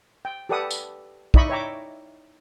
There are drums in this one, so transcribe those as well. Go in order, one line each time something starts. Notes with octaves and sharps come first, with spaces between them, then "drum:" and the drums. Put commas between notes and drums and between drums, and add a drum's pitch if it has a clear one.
G5
G4 A4 B4 D5 F#5 D#6
drum: tambourine
D#4 E4 D5 D#5 B5 C#6, drum: kick
C#5 E5 G5 A#5 D6